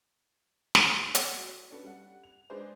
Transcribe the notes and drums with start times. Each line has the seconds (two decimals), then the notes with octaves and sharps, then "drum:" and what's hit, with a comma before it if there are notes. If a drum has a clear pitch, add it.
0.75 drum: snare
1.15 drum: hi-hat
1.37 F#3
1.69 C#4 D4 A4 B4
1.84 G3 F#5
2.23 F7
2.50 G#3 D4 G#4 B4 C5 D5